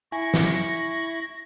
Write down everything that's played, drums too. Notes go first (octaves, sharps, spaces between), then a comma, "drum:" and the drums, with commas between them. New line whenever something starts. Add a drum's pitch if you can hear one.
E4 G#5 C#6 A#6
drum: snare